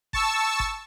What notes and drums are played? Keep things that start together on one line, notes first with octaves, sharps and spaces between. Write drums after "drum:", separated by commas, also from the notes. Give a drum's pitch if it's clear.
A5 C#6 E6, drum: kick G1
drum: kick G1